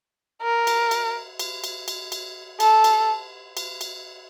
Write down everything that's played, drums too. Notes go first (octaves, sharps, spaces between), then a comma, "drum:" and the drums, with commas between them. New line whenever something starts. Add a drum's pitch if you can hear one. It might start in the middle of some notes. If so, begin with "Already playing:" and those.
A#4
drum: cymbal
drum: cymbal
drum: cymbal
drum: cymbal
drum: cymbal
drum: cymbal
A4, drum: cymbal
drum: cymbal
drum: cymbal
drum: cymbal